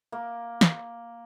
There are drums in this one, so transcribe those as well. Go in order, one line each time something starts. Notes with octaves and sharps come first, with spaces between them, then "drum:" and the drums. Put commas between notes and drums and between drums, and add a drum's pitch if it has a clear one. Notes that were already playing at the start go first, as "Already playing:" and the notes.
A#3
drum: snare